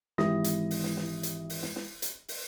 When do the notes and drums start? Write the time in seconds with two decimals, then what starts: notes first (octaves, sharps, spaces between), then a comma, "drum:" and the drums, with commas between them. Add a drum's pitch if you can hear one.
0.18 G#1 E3 G4 E5 D#6 A#6, drum: snare
0.44 drum: hi-hat
0.71 drum: open hi-hat
0.84 drum: snare
0.97 drum: snare
1.23 drum: hi-hat
1.50 drum: open hi-hat
1.63 drum: snare
1.76 drum: snare
2.02 drum: hi-hat
2.28 drum: open hi-hat